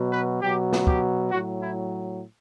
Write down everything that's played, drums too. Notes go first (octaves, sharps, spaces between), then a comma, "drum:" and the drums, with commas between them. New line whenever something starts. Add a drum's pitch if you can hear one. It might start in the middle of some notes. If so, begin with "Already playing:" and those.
Already playing: B2 F#3
B4
B2 F#3 G4
drum: snare
G4, drum: kick
A2 F#3 F#4
E4